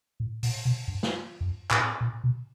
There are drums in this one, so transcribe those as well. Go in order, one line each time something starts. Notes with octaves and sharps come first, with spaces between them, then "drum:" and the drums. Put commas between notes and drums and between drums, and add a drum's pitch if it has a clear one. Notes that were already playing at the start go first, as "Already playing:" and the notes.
A2
A#2, drum: open hi-hat
B2
G2
drum: snare
F#2
A2, drum: clap
A#2
B2